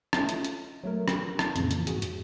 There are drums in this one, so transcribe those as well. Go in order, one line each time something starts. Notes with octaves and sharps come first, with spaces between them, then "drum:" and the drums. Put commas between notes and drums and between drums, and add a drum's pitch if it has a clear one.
A3 C#4 F4 D#5 E5, drum: rim click
drum: hi-hat
drum: hi-hat
F#3 A3 A#4
drum: rim click
A#4
drum: rim click
F2 A#2 C#3 E3, drum: hi-hat
drum: hi-hat
F2 G#2 F#4 G#4, drum: hi-hat
drum: hi-hat